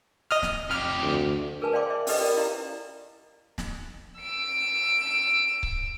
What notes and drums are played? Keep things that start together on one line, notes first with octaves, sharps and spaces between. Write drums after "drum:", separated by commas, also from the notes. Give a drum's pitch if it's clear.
D#5 D#6 F6
drum: snare
F2 G4 F6
D2
G#4 A#4 B4 G#5 A5
C5 D5 F5 G5 C6 D6
E5
C#4 G4 A4 B4 C5 D#5, drum: open hi-hat
F4 A#4 D5 G5
E4 G4 F5 A#5
drum: snare
E6 D7
drum: kick C#1